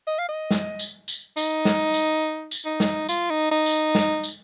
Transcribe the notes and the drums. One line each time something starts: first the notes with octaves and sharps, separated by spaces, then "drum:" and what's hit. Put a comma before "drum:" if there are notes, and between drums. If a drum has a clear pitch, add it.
D#5
F5
D#5
drum: snare
drum: tambourine
drum: tambourine
D#4, drum: tambourine
drum: snare
drum: tambourine
drum: tambourine
D#4
drum: snare
F4, drum: tambourine
D#4
D#4
drum: tambourine
drum: snare
drum: tambourine